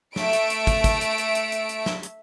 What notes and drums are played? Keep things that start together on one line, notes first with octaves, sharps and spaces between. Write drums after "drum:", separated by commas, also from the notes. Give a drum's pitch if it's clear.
A3 E5 D7, drum: snare
drum: hi-hat
drum: hi-hat
drum: kick, hi-hat
drum: kick, hi-hat
drum: hi-hat
drum: hi-hat
drum: hi-hat
drum: hi-hat
drum: hi-hat
drum: snare
drum: hi-hat